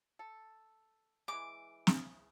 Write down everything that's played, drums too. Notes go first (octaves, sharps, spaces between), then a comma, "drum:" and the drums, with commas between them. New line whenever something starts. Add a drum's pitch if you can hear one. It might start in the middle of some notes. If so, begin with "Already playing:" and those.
A4
E3 G#3 D6
drum: snare